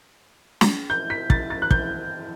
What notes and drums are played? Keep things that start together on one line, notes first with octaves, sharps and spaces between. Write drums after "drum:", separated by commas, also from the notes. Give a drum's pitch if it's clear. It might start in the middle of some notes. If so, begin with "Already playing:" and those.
drum: snare
G6
B6
A6, drum: kick
A6
F#6
G6, drum: kick